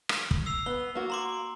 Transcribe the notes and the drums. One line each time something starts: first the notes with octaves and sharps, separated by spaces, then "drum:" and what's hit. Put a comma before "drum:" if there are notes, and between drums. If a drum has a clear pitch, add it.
drum: rim click
drum: kick
E6 C7 F7
B3 G7
A#3 F#4
A#5 C6 D6